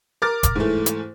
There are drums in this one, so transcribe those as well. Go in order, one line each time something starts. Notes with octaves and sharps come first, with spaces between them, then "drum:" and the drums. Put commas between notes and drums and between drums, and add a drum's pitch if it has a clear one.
A#4 D6 F6 A6
drum: kick E1, hi-hat
G#2 E3 A3
drum: hi-hat